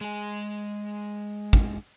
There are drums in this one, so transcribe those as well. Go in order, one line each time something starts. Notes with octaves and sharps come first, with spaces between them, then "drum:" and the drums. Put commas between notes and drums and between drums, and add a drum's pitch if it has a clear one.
G#3 G#4
drum: kick